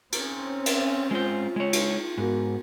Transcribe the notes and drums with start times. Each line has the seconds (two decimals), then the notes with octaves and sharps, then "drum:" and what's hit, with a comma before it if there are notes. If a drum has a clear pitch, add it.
0.12 C4 C#4 A#5, drum: cymbal
0.66 drum: cymbal
1.11 G#3 F4 C5
1.56 G#3 C#5
1.73 drum: cymbal
2.18 G#2 B3 F#4 A#4